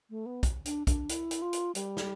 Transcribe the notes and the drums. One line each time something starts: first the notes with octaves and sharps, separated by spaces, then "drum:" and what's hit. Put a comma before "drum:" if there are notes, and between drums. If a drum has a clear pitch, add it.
A3
B3
drum: kick, hi-hat
D4, drum: hi-hat
D4, drum: kick, hi-hat
E4, drum: hi-hat
drum: hi-hat
F4
drum: hi-hat
G3, drum: hi-hat
drum: snare